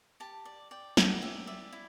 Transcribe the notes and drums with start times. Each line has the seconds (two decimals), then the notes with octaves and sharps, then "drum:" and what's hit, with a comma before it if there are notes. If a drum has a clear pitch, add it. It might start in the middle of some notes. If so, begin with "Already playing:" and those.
0.20 G4 A5
0.45 D5
0.71 D5 G5
0.97 G4 F#5, drum: snare
1.22 G4 E5
1.47 D5 E5
1.72 E4